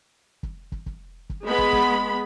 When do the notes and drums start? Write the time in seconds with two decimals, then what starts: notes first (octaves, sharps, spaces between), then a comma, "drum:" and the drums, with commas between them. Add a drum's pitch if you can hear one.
0.43 drum: kick
0.72 drum: kick
0.86 drum: kick
1.30 drum: kick
1.44 G#3 B3 B5
1.58 drum: kick
1.73 drum: kick